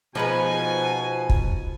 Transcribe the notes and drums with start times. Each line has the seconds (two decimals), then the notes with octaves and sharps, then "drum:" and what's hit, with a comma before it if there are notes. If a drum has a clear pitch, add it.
0.15 B2 F3 G#3 D#4 B4 G#5
1.29 drum: kick